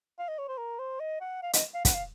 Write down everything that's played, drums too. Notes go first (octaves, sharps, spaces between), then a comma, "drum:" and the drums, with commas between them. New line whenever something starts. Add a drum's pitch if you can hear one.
F5
D#5
C#5
C5
A#4
C5
D#5
F#5
F5
D#5, drum: hi-hat
F5
F#5, drum: kick, hi-hat
F5